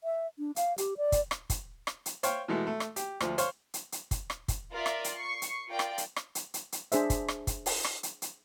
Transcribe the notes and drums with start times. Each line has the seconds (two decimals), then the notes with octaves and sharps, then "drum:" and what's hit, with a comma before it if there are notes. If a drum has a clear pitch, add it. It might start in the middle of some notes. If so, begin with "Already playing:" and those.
0.04 E5
0.39 D4
0.56 F5, drum: hi-hat
0.78 G4, drum: hi-hat
0.97 D5
1.12 drum: kick, hi-hat
1.31 drum: rim click
1.50 drum: kick, hi-hat
1.87 drum: rim click
2.06 drum: hi-hat
2.23 C5 C#5 F5 G5, drum: hi-hat
2.48 B2 E3 G#3 A3
2.67 A3
2.80 drum: rim click
2.96 G4, drum: hi-hat
3.20 D2 F3, drum: rim click
3.38 C5 C#5 F5 C#6, drum: hi-hat
3.74 drum: hi-hat
3.92 drum: hi-hat
4.11 drum: kick, hi-hat
4.30 drum: rim click
4.48 drum: kick, hi-hat
4.73 F4 A#4 D5 E5
4.86 drum: rim click
5.04 drum: hi-hat
5.16 C#6 C7
5.42 drum: hi-hat
5.68 F4 A#4 D5 G5
5.79 drum: rim click
5.98 drum: hi-hat
6.16 drum: rim click
6.35 drum: hi-hat
6.54 drum: hi-hat
6.72 drum: hi-hat
6.92 D4 G#4 C5 E5, drum: hi-hat
7.10 drum: kick, hi-hat
7.28 drum: rim click
7.47 drum: kick, hi-hat
7.66 drum: open hi-hat
7.84 drum: rim click
8.03 drum: hi-hat
8.22 drum: hi-hat